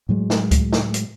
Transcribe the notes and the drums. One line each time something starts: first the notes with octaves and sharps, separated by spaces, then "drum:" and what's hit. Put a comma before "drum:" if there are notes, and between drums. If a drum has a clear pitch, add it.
A2 F#3 G#3
drum: snare
drum: kick C#2, hi-hat
drum: snare
drum: hi-hat